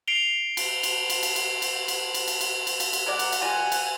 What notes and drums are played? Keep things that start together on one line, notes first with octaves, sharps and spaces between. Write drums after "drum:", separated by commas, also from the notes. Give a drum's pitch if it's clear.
C7 D7 F7 G7
drum: cymbal
drum: cymbal
drum: cymbal
drum: cymbal
drum: cymbal
drum: cymbal
drum: cymbal
drum: cymbal
drum: cymbal
drum: cymbal
drum: cymbal
drum: cymbal
drum: cymbal
G#3 A#4 D5 F#5 A#5
drum: cymbal
drum: cymbal
G3 A#3 F4 G#5
drum: cymbal